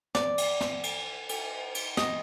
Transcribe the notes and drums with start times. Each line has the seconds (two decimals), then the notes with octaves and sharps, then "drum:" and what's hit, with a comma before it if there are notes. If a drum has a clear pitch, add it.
0.15 D5, drum: snare
0.38 drum: cymbal
0.61 drum: snare
0.83 drum: cymbal
1.29 drum: cymbal
1.75 drum: cymbal
1.97 D#5, drum: snare